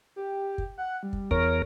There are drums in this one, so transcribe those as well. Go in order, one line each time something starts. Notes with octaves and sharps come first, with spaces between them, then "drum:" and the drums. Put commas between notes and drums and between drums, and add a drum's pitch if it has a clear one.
G4
drum: kick
F#5
G3
drum: kick
E2 A#4 C#5, drum: kick